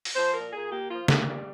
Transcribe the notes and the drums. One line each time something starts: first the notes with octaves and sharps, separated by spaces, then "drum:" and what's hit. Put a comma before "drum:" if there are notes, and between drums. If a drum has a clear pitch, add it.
drum: open hi-hat
F3 C5
A#2 A#4
A#2 G#4
A#3 G4
F3 F4
A#2 G4, drum: snare
G3